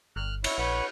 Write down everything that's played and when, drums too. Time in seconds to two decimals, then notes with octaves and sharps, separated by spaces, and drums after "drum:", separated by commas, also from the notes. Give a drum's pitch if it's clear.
0.16 G1 F6 F#6
0.44 E4 C#5, drum: cymbal
0.58 A#1 B4 C#5 F#5